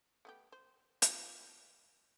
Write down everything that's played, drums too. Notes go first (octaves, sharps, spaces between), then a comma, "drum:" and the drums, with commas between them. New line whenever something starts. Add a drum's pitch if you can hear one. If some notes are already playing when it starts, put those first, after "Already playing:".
A3 B3 G4
C5
F4 B5, drum: hi-hat